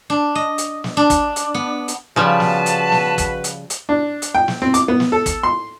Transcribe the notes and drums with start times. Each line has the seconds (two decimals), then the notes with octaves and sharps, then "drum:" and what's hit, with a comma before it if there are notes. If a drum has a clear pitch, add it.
0.10 D4
0.35 D#5
0.58 drum: hi-hat
0.84 drum: snare
0.97 D4
1.10 drum: kick, hi-hat
1.36 drum: hi-hat
1.54 B3
1.88 drum: hi-hat
2.16 C#3 F3 G3 F#4 B4 A5
2.40 drum: snare
2.66 drum: hi-hat
2.92 drum: snare
3.18 drum: kick, hi-hat
3.44 drum: hi-hat
3.70 drum: hi-hat
3.89 D4
4.22 drum: hi-hat
4.35 G5
4.48 drum: snare
4.62 C4
4.74 D6, drum: hi-hat
4.88 B3
5.00 drum: snare
5.12 A4
5.26 drum: kick, hi-hat
5.43 C6